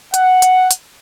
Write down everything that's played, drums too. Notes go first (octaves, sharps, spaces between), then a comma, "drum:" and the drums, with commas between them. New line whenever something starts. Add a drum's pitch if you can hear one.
F#5, drum: hi-hat
drum: hi-hat
drum: hi-hat